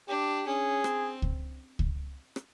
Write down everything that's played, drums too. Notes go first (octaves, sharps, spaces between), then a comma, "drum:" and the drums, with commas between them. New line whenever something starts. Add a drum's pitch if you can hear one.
D4 G4
C#4 G#4
C4, drum: rim click
drum: kick C#2
drum: kick C#2
drum: rim click